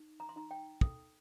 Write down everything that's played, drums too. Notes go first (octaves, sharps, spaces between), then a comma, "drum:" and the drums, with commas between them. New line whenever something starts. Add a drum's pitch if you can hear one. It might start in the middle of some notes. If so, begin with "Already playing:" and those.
Already playing: D#4
A#5
C6
D#4 A#5
G5
A4, drum: kick